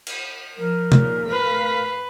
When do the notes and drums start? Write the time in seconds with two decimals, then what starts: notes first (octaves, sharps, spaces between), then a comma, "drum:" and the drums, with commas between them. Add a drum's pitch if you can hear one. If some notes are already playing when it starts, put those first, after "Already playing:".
0.07 drum: cymbal
0.57 F3 A#4
0.92 D#2 A#2 C#3, drum: tom
1.29 A2 B4 F5 B6